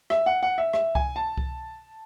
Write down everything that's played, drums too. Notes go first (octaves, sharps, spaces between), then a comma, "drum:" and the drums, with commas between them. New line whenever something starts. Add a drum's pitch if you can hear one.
E5, drum: rim click
F#5
F#5
E5
E5, drum: rim click
G#5, drum: kick C2
A5
drum: kick C2